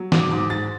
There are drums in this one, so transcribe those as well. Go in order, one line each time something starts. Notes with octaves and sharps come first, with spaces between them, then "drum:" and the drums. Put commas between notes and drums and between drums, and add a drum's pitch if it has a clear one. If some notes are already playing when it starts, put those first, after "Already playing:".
Already playing: F#3
G#2 D6, drum: snare
G#2 D6
G#2 A6